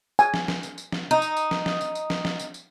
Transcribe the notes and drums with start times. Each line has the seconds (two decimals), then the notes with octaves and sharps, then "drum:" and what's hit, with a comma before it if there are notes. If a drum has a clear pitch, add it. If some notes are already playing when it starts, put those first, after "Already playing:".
0.19 G#5, drum: tambourine
0.34 drum: snare
0.48 drum: snare
0.63 drum: tambourine
0.78 drum: tambourine
0.92 drum: snare
1.11 D#4
1.22 drum: tambourine
1.37 drum: tambourine
1.51 drum: snare
1.66 drum: snare
1.81 drum: tambourine
1.95 drum: tambourine
2.10 drum: snare
2.25 drum: snare
2.39 drum: tambourine
2.54 drum: tambourine